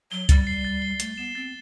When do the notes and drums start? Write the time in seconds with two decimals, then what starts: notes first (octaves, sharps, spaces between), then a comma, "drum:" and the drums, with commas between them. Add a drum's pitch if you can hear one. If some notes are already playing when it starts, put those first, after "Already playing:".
0.11 F#3 G7
0.29 G3 A6, drum: kick C#2, hi-hat
0.47 C7
0.65 A6
0.82 G7
1.00 A3 A6, drum: hi-hat
1.17 B3 E7
1.35 C4 A6